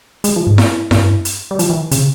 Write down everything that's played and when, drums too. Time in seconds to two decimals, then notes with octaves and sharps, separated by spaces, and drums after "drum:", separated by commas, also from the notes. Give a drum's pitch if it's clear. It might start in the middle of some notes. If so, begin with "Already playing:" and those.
0.24 G#3, drum: hi-hat
0.36 F3
0.47 G#2
0.58 drum: snare E4
0.91 G2, drum: snare E4
1.25 drum: hi-hat
1.51 G3
1.59 F3, drum: hi-hat
1.70 E3
1.91 C#3, drum: hi-hat